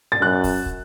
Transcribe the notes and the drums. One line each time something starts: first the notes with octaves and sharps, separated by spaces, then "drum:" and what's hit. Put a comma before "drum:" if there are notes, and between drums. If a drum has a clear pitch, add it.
A6
F#2 F#6
drum: kick, open hi-hat
drum: kick